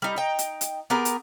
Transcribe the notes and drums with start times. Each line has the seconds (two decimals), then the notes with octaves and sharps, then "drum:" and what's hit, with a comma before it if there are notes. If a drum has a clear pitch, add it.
0.02 G3 D#4
0.16 D#4 G5
0.39 drum: hi-hat
0.61 drum: hi-hat
0.90 B3 G4 G#4 A#4
1.05 drum: hi-hat